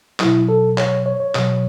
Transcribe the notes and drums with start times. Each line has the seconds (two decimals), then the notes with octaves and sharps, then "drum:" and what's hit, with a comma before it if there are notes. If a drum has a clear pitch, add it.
0.20 B2 F#3 E4, drum: clap
0.49 A4
0.78 C#5, drum: clap
1.06 C#5
1.20 C#5
1.35 B2 F#3, drum: clap